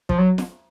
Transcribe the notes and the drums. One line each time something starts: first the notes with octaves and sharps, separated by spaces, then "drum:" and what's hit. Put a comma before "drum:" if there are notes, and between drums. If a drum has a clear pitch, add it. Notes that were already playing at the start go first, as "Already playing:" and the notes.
F3, drum: kick
F#3
drum: snare